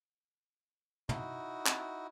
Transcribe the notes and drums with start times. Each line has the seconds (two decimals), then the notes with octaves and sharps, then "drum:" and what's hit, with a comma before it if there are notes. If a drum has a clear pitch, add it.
1.09 D#4 E4 F#4, drum: tom
1.66 drum: clap